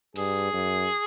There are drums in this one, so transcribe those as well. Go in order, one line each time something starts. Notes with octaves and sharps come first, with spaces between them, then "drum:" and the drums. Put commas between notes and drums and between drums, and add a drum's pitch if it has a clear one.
G2 G#4, drum: open hi-hat
F#2